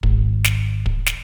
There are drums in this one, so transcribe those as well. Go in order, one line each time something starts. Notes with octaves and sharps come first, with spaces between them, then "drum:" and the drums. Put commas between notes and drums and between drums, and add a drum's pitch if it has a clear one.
G#1, drum: kick
drum: snare
drum: kick
drum: snare